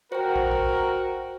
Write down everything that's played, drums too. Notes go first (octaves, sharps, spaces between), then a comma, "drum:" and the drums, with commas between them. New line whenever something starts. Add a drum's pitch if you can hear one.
F#4 A#4 C5 G5
drum: kick
drum: kick